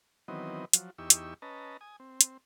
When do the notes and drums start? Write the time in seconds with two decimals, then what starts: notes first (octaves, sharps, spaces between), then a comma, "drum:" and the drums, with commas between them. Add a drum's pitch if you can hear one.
0.28 D#3 E3 F#3 B3 C4 D#5
0.73 F3 F#3, drum: hi-hat
0.98 E2 D#4 G4 C#6 E6
1.10 drum: hi-hat
1.42 C#4 B4 D#5 A5 A#5
1.81 G#5 D#6
2.00 C4
2.21 drum: hi-hat